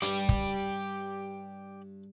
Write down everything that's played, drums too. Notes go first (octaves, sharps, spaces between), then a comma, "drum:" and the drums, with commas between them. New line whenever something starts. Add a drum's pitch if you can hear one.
G2 G4 D5, drum: hi-hat
drum: kick